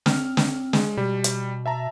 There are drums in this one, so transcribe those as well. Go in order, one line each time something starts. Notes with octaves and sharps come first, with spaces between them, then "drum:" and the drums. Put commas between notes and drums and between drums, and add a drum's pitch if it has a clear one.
C4 F6, drum: snare
drum: snare
G#3, drum: snare
B2 G3
drum: hi-hat
E5 A5 A#5